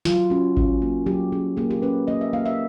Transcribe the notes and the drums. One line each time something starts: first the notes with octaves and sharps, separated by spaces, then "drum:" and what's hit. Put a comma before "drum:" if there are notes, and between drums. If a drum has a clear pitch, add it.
F#3 F4, drum: snare
C#4 F#4
C#4, drum: kick G#1
A#3
F#3 G4
C#4 G#4
A#3 G#4
G4
C#4 B4
A#3 D#5
E5
A#3 F5
E5